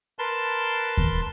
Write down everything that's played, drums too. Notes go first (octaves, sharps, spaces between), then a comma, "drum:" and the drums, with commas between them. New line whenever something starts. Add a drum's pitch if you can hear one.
A#4 B4 A5 C6
drum: kick D#2